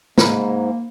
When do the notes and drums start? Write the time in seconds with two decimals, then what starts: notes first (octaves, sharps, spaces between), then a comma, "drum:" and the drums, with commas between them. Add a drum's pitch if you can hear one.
0.18 G#2 A#3 A#5 B5, drum: snare